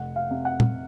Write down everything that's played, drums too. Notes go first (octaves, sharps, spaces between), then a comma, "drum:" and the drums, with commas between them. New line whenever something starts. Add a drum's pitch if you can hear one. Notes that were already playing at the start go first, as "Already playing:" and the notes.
Already playing: F1 F#5
F5
C3
F#5
drum: tom A#2